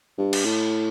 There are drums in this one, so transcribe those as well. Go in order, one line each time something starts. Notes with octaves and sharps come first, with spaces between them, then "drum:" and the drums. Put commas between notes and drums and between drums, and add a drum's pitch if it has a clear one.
G2
drum: cymbal
A2